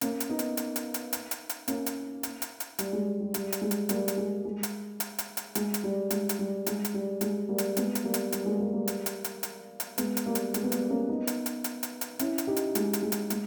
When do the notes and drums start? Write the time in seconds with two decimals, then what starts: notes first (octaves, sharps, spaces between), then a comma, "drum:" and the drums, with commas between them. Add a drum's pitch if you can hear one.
0.01 A#3 C#4, drum: hi-hat
0.20 drum: hi-hat
0.29 B3 D#4
0.39 drum: hi-hat
0.57 drum: hi-hat
0.76 drum: hi-hat
0.94 drum: hi-hat
1.13 drum: hi-hat
1.31 drum: hi-hat
1.49 drum: hi-hat
1.68 A#3 C#4, drum: hi-hat
1.86 drum: hi-hat
2.23 drum: hi-hat
2.42 drum: hi-hat
2.60 drum: hi-hat
2.79 G3, drum: hi-hat
2.93 G#3
3.20 G3
3.34 G3, drum: hi-hat
3.52 drum: hi-hat
3.61 G#3
3.71 drum: hi-hat
3.89 G3 A#3, drum: hi-hat
4.08 drum: hi-hat
4.17 G#3
4.45 G#3
4.63 drum: hi-hat
5.00 drum: hi-hat
5.18 drum: hi-hat
5.37 drum: hi-hat
5.55 G#3, drum: hi-hat
5.74 drum: hi-hat
5.84 G3
6.10 G#3, drum: hi-hat
6.29 drum: hi-hat
6.39 G3
6.66 G#3, drum: hi-hat
6.85 drum: hi-hat
6.94 G3
7.21 G#3, drum: hi-hat
7.49 G3 A#3
7.58 drum: hi-hat
7.77 G#3 B3, drum: hi-hat
7.95 drum: hi-hat
8.04 G3 A#3
8.14 drum: hi-hat
8.32 G3, drum: hi-hat
8.46 G#3
8.60 G3 A#3
8.73 G3 A#3
8.87 drum: hi-hat
9.06 drum: hi-hat
9.24 drum: hi-hat
9.43 drum: hi-hat
9.80 drum: hi-hat
9.98 G#3 B3, drum: hi-hat
10.17 drum: hi-hat
10.26 G3 A#3
10.35 drum: hi-hat
10.54 G#3, drum: hi-hat
10.64 B3
10.72 G3 A#3, drum: hi-hat
10.90 A#3 C#4
11.09 B3 D#4
11.27 drum: hi-hat
11.46 drum: hi-hat
11.64 drum: hi-hat
11.83 drum: hi-hat
12.01 drum: hi-hat
12.19 C#4 E4, drum: hi-hat
12.38 drum: hi-hat
12.47 D#4 G4
12.57 drum: hi-hat
12.75 G#3, drum: hi-hat
12.93 drum: hi-hat
13.03 G#3
13.12 drum: hi-hat
13.30 G#3, drum: hi-hat